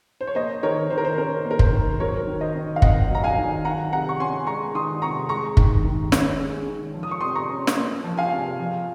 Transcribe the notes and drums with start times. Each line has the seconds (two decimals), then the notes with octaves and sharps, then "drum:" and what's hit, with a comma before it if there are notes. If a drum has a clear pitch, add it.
0.21 C5
0.27 C#5
0.35 A#3 C5 D#5
0.63 D#3 A#4 C#5
0.90 D#3 C5
0.98 A#4
1.05 C5
1.18 C#4 A#4
1.45 A#3
1.51 A#4
1.59 C5, drum: kick
1.72 D#3
2.00 F#3 A#4 C#5
2.27 D#3
2.41 C5 D#5
2.55 D#3
2.76 F5
2.82 C4 D#5 F#5, drum: kick
3.11 F#3 A#5
3.24 F5 G#5
3.38 D#3
3.65 D#3 F#5 A#5
3.92 C3 F#5 A#5
4.09 C#6
4.20 C#4 G#5 C6
4.47 G#3 A#5 C#6
4.75 D#3 C6 D#6
5.02 C3 A#5 C#6
5.29 G#3 A#5 C#6
5.57 D#3, drum: kick
5.84 D#3
6.12 C#4, drum: snare
6.40 G#3
6.67 D#3
6.94 F3
7.03 D#6
7.11 C#6
7.21 C3 C6 D#6
7.35 A#5 C#6
7.50 C#4
7.67 drum: snare
7.77 A#3
8.04 F3
8.17 F5 G#5
8.32 C3
8.59 F3